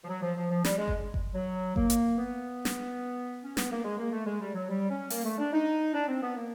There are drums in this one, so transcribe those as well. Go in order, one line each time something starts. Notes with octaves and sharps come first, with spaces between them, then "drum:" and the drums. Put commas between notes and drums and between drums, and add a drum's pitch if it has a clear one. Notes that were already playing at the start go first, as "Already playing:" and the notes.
F3
F#3
F3
F3
F3
G3, drum: snare
G#3
drum: kick G1
drum: kick G1
F#3
A#3, drum: kick G1
drum: hi-hat
B3
drum: snare
C#4
B3, drum: snare
A#3
G#3
A#3
A3
G#3
G3
F#3
G3
C#4
A#3, drum: open hi-hat
A3
D4
D#4
D4
C4
B3
A#3